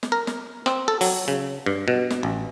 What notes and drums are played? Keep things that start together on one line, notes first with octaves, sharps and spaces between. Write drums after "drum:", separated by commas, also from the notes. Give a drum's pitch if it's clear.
drum: snare
A#4
drum: snare
C4, drum: rim click
A4
F#3, drum: open hi-hat
C#3
G2
B2
drum: snare
A1